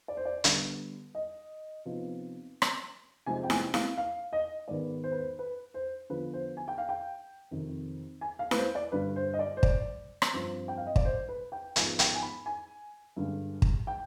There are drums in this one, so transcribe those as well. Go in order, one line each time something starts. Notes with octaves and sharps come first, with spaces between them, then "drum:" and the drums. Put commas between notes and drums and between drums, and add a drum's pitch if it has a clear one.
D5
C5
D5
D3 G3 B3, drum: hi-hat
D#5
C3 F3 B3 D#4
drum: rim click
C3 F3 G#3 C4 D#4 G#5
G5
G#5, drum: snare E4
F5, drum: snare E4
F5
D#5
G#2 D#3 B3 D5
C5
B4
C5
B4
C5
D3 F3 B3 B4
C5
G#5
G5
F5
G5
F2 C3 D#3
G#5
F5
B4, drum: snare E4
C5
D5
G2 D3 G3 B4
C5
D#5
D5
C5
D5, drum: kick
drum: rim click
G2 F3 C4
G5
F5
D#5
D5, drum: kick
C5
B4
G5
G#2 F3 B3 D#4 G#5, drum: hi-hat
G5, drum: hi-hat
G#5
B5
G#5
G2 D3 G#3
drum: kick
G5